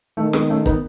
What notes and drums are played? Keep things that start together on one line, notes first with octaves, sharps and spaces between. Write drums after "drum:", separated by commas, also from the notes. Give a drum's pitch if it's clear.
D#3 A3
G#3 B3, drum: snare
A3 C#4
B3 D#4, drum: kick